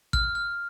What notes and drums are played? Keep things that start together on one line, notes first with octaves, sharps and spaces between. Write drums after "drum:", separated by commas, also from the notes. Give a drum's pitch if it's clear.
F6, drum: kick A1
F6